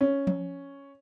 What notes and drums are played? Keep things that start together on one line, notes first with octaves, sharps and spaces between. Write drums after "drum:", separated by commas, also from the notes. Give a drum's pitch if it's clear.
C#4
drum: tom F3